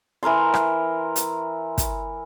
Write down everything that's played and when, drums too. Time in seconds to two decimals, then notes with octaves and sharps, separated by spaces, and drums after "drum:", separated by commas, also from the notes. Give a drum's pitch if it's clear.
0.23 E3 A#4 A#5 C6
0.54 drum: rim click
1.16 drum: hi-hat
1.78 drum: kick, hi-hat